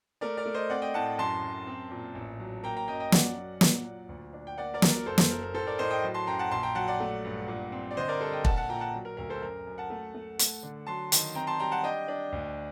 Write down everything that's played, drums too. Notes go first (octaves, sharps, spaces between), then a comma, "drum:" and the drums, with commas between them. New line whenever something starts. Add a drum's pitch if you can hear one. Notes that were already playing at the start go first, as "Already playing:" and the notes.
A3 A#4 D5
A#4 D5
A3
C5 D#5
C4 D5 F#5
D#5 G5
A2 F#5 A5
F#2 A5 C6
F#2
C4
A#2
A1
F#3
A#3 G5 A#5
G5 A#5
F#2 D#5 G5
D#5 G5
F#3 D5 F#5, drum: snare
F#3
A#2, drum: snare
A#2
D2
D4
G5
A#3 D5 F#5
A#4 D5
F#3, drum: snare
A#4 D5
F#1 A4 C5
A#4, drum: snare
F#1 A#4
A#4
A2 A4 C5
A#4 D5
A2 C5 D#5
D#5 G5
F#3
A5 C6
F#2 G5 A#5
F#5 A5
A#1 A5 C6
G5 A#5
F#3 F#5 A5
D5 F#5
A3
G2
A#2
C4
D5
D3 C5 D#5
A#4 D5
G3 A4 C5
D#5 G5
A#1 F#5 A5, drum: kick
F#5 A5
A#2 G5 A#5
F#5 A5
F#3
A#4
D2 A#4
A4 C5
F#2 A#4
F#2
F#5 A5
A3
A3
A3, drum: hi-hat
D3
F#3 A5 C6
D#3, drum: hi-hat
C4 G5 A#5
A5 C6
G3 G5 A#5
F#5 A5
D4 D#5 G5
D4
D2